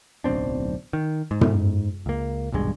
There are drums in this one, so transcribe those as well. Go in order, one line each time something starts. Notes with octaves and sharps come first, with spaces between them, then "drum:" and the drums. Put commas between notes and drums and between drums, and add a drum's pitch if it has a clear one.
D1 B1 C4 D4
D#3
G#2
drum: tom
C#2 A#3
D#1 B1 G2 G#3